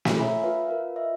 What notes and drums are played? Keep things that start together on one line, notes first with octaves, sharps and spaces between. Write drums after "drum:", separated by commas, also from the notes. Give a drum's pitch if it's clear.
drum: snare
C#5 E5 G#5 A#5 B5 D#6
F4 B4 E5 F5
F4 A#4 B4 F5
D#5 E5